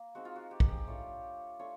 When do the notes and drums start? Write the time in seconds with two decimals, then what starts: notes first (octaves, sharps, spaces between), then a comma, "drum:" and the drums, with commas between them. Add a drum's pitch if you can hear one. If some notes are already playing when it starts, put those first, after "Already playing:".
Already playing: A#3
0.15 G#3 C4 D#4 F#4
0.25 F4
0.36 F#4
0.51 G4
0.60 G#4, drum: kick
0.69 G4
0.87 A3 D4 F4 C#5
1.59 A3 D4 F4 C#5